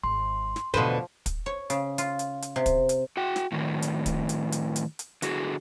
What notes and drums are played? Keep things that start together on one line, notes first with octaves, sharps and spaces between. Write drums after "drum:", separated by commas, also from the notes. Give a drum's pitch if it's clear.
G#1 C6
drum: snare
E2 B2 D3 F3 B4 C5
drum: kick, hi-hat
C#5
C#3, drum: hi-hat
F4, drum: hi-hat
drum: hi-hat
drum: hi-hat
C3
drum: kick, hi-hat
drum: hi-hat
F#4 G5
drum: snare
A2 D#3 F#3
drum: hi-hat
drum: kick, hi-hat
drum: hi-hat
drum: hi-hat
drum: hi-hat
drum: hi-hat
D3 F#4 G#4, drum: hi-hat